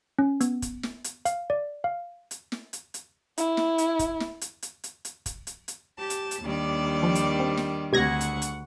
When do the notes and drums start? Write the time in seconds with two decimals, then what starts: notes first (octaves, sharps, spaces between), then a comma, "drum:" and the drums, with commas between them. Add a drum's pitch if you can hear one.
0.19 C#4
0.41 B3, drum: hi-hat
0.62 drum: kick, hi-hat
0.83 drum: snare
1.04 drum: hi-hat
1.25 F5, drum: hi-hat
1.50 D5
1.84 F5
2.31 drum: hi-hat
2.52 drum: snare
2.73 drum: hi-hat
2.94 drum: hi-hat
3.38 E4, drum: hi-hat
3.57 drum: snare
3.78 drum: hi-hat
3.99 drum: kick, hi-hat
4.20 drum: snare
4.41 drum: hi-hat
4.62 drum: hi-hat
4.84 drum: hi-hat
5.05 drum: hi-hat
5.26 drum: kick, hi-hat
5.47 drum: hi-hat
5.68 drum: hi-hat
5.97 G4 A5
6.10 drum: hi-hat
6.31 drum: hi-hat
6.44 D#2 D#3 G3 D4 D5
7.03 F3
7.15 drum: hi-hat
7.40 C4
7.57 drum: snare
7.93 D2 C3 F#5 C#6 G#6 A#6
8.21 drum: hi-hat
8.42 drum: hi-hat